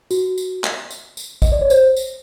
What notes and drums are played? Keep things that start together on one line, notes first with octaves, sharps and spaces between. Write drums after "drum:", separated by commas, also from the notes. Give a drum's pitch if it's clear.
F#4, drum: tambourine
drum: tambourine
drum: clap
drum: tambourine
drum: tambourine
D#5, drum: kick G#1, tambourine
D5
C#5
C5, drum: tambourine
drum: tambourine